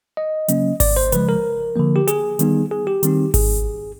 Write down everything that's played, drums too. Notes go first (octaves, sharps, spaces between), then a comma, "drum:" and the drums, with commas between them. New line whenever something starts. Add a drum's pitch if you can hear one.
D#5
C#3 F#3 A#3 C#4, drum: hi-hat
D5, drum: kick G#1, open hi-hat
C5
C#3 F3 G#3 B4, drum: hi-hat
A#4
D3 F3 A#3
G4
G#4, drum: hi-hat
D#3 G3 B3 D#4, drum: hi-hat
G#4
G4
D#3 G3 C4 D#4, drum: hi-hat
G#4, drum: kick G#1, open hi-hat